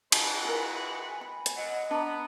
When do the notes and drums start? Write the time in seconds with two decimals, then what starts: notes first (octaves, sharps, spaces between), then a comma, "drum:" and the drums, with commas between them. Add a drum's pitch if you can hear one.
0.12 G#3 F#4 B4, drum: cymbal
0.45 E4 A#4 G#5
1.21 B5
1.46 drum: hi-hat
1.56 F#2 F#3 D#5 F#5
1.91 B3 D4 A#5